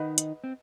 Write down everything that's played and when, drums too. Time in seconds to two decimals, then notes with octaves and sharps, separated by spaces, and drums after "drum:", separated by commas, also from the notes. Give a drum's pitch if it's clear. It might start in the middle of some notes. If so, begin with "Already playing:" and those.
Already playing: D#3 D#4 B4 D#5 F#5 B5
0.18 drum: hi-hat
0.44 C4